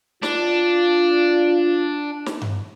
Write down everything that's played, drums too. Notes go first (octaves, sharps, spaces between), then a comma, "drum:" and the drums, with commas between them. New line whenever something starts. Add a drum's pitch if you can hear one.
D4 F4, drum: snare
drum: snare
drum: tom G2